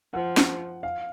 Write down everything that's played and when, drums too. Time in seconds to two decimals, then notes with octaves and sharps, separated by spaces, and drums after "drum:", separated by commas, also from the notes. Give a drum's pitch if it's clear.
0.14 F3 F#5
0.37 drum: snare
0.83 F5